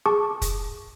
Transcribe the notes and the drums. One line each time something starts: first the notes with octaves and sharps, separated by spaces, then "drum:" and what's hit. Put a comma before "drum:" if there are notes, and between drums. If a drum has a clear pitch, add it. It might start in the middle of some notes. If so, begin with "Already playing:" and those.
G#4 A5 C#6 D6
drum: kick, hi-hat